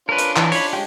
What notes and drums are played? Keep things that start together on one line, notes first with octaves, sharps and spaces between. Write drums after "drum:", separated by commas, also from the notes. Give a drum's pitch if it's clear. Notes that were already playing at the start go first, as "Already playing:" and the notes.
C#4 D4 F4 A#4 B4
drum: hi-hat
E3, drum: clap
C#5 B5, drum: open hi-hat
G#3 G4